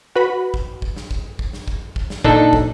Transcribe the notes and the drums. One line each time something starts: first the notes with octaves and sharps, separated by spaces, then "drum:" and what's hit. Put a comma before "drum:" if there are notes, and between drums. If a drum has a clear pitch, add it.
F#4 B4 B5
drum: kick
drum: kick
drum: snare
drum: kick
drum: kick
drum: snare
drum: kick
drum: kick
drum: snare
A#2 D4 D#4 A4, drum: kick
drum: kick